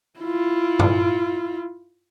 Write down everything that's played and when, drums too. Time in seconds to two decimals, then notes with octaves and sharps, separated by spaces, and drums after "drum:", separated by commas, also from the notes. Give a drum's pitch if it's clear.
0.19 E4 F4
0.79 drum: tom G2